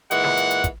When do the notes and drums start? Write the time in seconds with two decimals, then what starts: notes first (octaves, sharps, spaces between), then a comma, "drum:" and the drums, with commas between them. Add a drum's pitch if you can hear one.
0.11 A#2 E3 G#3 F#5, drum: hi-hat
0.24 drum: snare
0.37 drum: hi-hat
0.51 drum: hi-hat
0.64 drum: kick, hi-hat